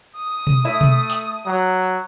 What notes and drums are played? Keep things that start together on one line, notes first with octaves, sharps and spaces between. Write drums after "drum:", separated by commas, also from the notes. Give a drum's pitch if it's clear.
D#6
drum: tom B2
A3 E4 E5
drum: tom B2
drum: hi-hat
F#3